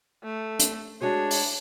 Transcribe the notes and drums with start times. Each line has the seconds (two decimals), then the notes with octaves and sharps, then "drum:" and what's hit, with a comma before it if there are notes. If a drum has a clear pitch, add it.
0.24 A3
0.59 drum: hi-hat
1.02 G#3 D4 F#4 G#4 C#5
1.31 drum: open hi-hat